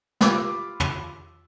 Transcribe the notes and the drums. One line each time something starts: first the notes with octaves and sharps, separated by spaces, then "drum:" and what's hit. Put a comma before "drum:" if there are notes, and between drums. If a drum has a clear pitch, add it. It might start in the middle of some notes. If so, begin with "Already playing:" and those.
F4 G4 B5 D6 E6, drum: snare
drum: tom